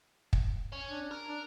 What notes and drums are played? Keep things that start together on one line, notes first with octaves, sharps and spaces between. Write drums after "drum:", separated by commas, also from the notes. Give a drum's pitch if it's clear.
drum: kick
C#4
D4
A#4
D4